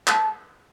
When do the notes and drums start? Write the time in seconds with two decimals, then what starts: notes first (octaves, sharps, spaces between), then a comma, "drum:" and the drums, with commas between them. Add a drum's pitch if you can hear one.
0.07 A5, drum: clap